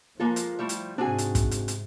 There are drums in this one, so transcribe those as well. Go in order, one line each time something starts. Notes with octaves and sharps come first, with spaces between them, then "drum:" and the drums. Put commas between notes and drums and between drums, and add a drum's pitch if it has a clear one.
F3 G#3 A#3 F4 A4
drum: hi-hat
G3 A3 E4
drum: hi-hat
G#2 C3 C4 D4 F#4 G#4 G#5
drum: hi-hat
drum: kick, hi-hat
drum: hi-hat
drum: hi-hat